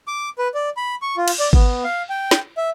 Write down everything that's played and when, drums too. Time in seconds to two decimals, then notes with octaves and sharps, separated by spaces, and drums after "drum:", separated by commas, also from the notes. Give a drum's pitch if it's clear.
0.08 D6
0.38 B4
0.54 D5
0.77 B5
1.02 C#6
1.17 F4
1.28 drum: cymbal
1.40 D5
1.53 B3, drum: kick G#1
1.84 F5
2.09 G5
2.31 drum: snare
2.57 E5